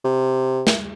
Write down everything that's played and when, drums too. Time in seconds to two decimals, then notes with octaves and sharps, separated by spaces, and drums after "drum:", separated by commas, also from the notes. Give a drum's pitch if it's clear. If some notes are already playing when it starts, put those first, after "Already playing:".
0.05 C3
0.67 drum: snare